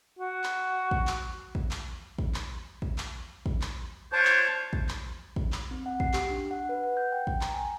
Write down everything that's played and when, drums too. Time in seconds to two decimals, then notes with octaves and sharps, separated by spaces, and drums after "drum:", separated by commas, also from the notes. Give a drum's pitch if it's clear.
0.19 F#4
0.44 drum: clap
0.91 drum: kick
1.07 drum: clap
1.55 drum: kick
1.71 drum: clap
2.19 drum: kick
2.34 drum: clap
2.82 drum: kick
2.98 drum: clap
3.46 drum: kick
3.62 drum: clap
4.12 D4 F4 C5 C#5 A5 G6
4.25 drum: clap
4.73 drum: kick
4.89 drum: clap
5.36 drum: kick
5.52 drum: clap
5.71 C4
5.86 F#5
6.00 C7, drum: kick
6.14 G4, drum: clap
6.30 D4
6.51 F#5
6.69 B4
6.84 F#5
6.97 G6
7.12 G5
7.27 drum: kick
7.41 A#5, drum: clap
7.54 G#5